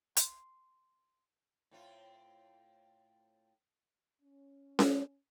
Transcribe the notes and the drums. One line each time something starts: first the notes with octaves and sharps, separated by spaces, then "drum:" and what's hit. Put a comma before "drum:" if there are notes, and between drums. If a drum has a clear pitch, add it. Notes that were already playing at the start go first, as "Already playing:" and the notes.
C6, drum: hi-hat
A2 C4 F4
C#4
drum: snare C#4